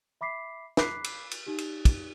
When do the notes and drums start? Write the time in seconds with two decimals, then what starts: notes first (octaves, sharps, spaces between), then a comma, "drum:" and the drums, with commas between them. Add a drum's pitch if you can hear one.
0.21 E5 B5 D6 B6 C7
0.77 B5 D6 F#6 B6 C7, drum: snare
1.04 drum: cymbal
1.31 drum: cymbal
1.47 D#4 G4
1.58 drum: cymbal
1.85 drum: kick, cymbal